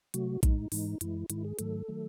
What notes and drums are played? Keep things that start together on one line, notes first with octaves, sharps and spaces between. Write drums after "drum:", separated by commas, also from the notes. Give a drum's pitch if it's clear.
C3 F#3 A3 F#4, drum: hi-hat
A2 G#3 D#4, drum: kick A#1, hi-hat
G#2 E3 G#3 D#4, drum: open hi-hat
F#2 E3 G#3 E4, drum: hi-hat
G#2 D#3 G#3 E4, drum: hi-hat
G#4
G#2 D#3 F#3 A3 A4, drum: hi-hat
D#3 F#3 A3